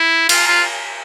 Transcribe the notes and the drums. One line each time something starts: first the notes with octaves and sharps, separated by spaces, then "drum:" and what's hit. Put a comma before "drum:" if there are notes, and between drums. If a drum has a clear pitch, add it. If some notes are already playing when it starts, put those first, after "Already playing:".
Already playing: E4
F4, drum: cymbal
F4